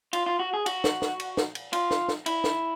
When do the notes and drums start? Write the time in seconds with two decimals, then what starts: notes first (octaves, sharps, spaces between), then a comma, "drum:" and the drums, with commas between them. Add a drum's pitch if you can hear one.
0.13 F4, drum: cymbal
0.26 F4
0.39 F#4
0.54 G#4
0.66 F#4, drum: cymbal
0.84 drum: snare
1.02 drum: snare
1.20 drum: cymbal
1.37 drum: snare
1.55 drum: cymbal
1.73 F4, drum: cymbal
1.91 drum: snare
2.08 drum: snare
2.26 E4, drum: cymbal
2.44 drum: snare